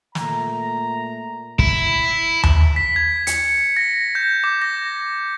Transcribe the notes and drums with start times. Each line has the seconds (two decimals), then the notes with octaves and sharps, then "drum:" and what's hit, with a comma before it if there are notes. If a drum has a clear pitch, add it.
0.15 A#2 A3 A#5, drum: snare
1.59 E4, drum: kick
2.43 drum: tom D#2
2.76 B6
2.96 G#6
3.27 C#7, drum: hi-hat
3.77 A#6
4.15 G6
4.44 D6
4.62 A#6